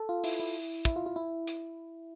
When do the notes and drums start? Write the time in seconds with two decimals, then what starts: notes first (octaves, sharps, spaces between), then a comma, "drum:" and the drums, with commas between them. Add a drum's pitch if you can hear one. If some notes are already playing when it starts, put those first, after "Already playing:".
Already playing: A4
0.09 F4
0.24 E4, drum: open hi-hat
0.40 E4
0.85 E4, drum: kick, hi-hat
0.96 F4
1.06 F4
1.16 E4
1.47 drum: hi-hat